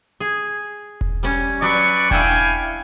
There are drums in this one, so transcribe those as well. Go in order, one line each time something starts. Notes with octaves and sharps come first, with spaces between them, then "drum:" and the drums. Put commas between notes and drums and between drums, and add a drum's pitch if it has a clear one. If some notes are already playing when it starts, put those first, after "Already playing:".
G#4
drum: kick E1
G3 C#4
F#3 B4 D5 C#6
D4 E4 F5 G5 G#5, drum: kick E1